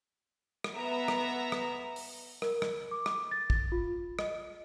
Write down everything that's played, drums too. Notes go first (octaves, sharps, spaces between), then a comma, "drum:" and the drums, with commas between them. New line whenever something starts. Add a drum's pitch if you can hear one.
drum: rim click
B3 E5 A#5
drum: rim click
drum: rim click
drum: open hi-hat
A#4, drum: rim click
drum: rim click
D6
drum: rim click
A6
drum: kick
F4
D#5, drum: rim click